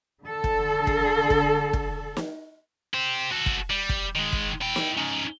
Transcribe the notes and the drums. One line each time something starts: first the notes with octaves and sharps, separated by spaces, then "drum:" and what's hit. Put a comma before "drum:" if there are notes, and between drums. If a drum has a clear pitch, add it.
D3 A4
drum: kick
drum: kick
drum: kick
drum: kick
drum: snare
G4 C5
F#4 A4
drum: kick
G3
drum: kick
D#3 G#3
drum: kick
E4 G5
drum: snare
C#4 D#4